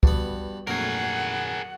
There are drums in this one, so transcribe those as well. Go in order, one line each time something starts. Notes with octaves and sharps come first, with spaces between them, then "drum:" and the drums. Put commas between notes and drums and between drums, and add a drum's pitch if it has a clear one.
G2 B3 F#4 G4, drum: kick
A#1 F2 F#3 A3 G#4 A#4 F#5